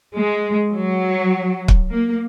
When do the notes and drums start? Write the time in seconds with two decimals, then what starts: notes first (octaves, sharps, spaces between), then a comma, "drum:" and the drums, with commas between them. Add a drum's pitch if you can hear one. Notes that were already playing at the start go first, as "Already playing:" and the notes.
0.16 G#3
0.74 F#3
1.68 drum: kick
1.90 A#3